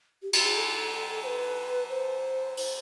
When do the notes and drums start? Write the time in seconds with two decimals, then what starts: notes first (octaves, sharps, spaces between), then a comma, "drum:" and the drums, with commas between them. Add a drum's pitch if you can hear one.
0.22 G4
0.33 F#4, drum: cymbal
0.44 G#4
0.56 A4
1.23 C5
1.26 B4
1.90 C5
2.57 C5, drum: open hi-hat